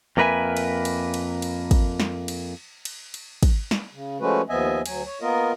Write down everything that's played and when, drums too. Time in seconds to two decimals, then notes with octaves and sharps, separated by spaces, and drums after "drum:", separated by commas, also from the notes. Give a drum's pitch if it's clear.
0.17 F2 A#3 A#4 B4 E5 G#5
0.57 drum: cymbal
0.85 drum: cymbal
1.14 drum: cymbal
1.42 drum: cymbal
1.71 drum: kick, cymbal
2.00 drum: snare
2.28 drum: cymbal
2.85 drum: cymbal
3.14 drum: cymbal
3.43 drum: kick, cymbal
3.71 drum: snare
3.93 C#3
4.21 F3 G#3 A3 C#4 F#4 B4
4.49 D#2 F3 B3 D#5 E5 G#5
4.86 D2 F#3 G#5, drum: cymbal
5.06 C#5
5.21 A#3 B3 F4 A#4 D#5